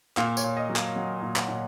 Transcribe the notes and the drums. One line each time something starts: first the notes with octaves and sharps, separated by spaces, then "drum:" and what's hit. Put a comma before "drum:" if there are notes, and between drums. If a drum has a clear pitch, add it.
A#2 F5, drum: clap
C#5, drum: tambourine
A#2
D#5
F#3
F5, drum: clap
F#3 F#5
A#2
F#5, drum: clap
A#2